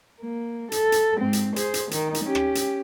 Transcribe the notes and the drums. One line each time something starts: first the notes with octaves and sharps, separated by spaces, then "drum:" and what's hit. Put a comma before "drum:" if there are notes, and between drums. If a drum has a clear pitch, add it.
A#3
A4, drum: hi-hat
drum: hi-hat
G#2 C4
drum: hi-hat
G#4 C5, drum: hi-hat
drum: hi-hat
D#3 D#4, drum: hi-hat
drum: hi-hat
C#4 G4
drum: rim click
drum: hi-hat